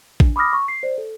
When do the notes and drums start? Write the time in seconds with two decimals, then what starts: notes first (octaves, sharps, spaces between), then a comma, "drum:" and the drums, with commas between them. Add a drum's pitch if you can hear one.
0.20 D4, drum: kick
0.36 B5 D6 D#6 F6 A#6
0.53 C#6
0.68 C7
0.83 C5 D5
0.98 A4